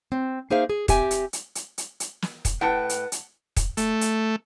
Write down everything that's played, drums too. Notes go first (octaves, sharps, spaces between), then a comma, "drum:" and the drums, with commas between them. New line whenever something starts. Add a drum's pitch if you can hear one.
C4
A#3 D#4 G#4 C5 E5 F5
G#4
C4 G4 E5 G#5, drum: kick, hi-hat
drum: hi-hat
drum: hi-hat
drum: hi-hat
drum: hi-hat
drum: hi-hat
drum: snare
drum: kick, hi-hat
A2 B4 F#5 G5 A5 C#7
drum: hi-hat
drum: hi-hat
drum: kick, hi-hat
A3, drum: hi-hat
drum: hi-hat